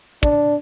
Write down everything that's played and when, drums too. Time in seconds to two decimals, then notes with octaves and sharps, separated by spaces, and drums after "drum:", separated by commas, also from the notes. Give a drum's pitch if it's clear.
0.23 D4, drum: kick